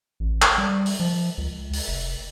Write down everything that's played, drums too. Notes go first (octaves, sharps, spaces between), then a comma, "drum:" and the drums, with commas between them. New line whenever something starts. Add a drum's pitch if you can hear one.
A1
drum: clap
G3
drum: open hi-hat
F3
C#2
drum: open hi-hat
F1